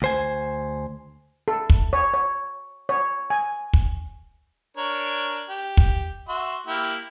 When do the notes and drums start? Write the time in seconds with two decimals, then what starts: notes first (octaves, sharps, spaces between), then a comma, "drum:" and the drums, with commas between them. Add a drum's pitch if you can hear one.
0.02 D2 C5 G#5
1.48 A4
1.70 drum: kick
1.93 C#5
2.14 C#5
2.89 C#5
3.30 G#5
3.73 drum: kick
4.77 D4 A#4 C#5
5.49 G4
5.77 drum: kick
6.28 F#4 E5 C6
6.67 A#3 E4 G4